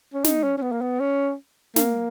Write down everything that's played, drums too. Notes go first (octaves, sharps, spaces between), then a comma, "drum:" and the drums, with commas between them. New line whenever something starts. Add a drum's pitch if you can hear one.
C#4
D#4, drum: snare
C#4
C#4
B3
A#3
B3
C#4
A#3, drum: snare